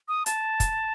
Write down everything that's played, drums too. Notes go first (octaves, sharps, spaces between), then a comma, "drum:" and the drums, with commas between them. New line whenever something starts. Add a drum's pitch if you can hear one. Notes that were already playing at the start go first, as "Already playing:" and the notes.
D#6
A5, drum: hi-hat
drum: kick, hi-hat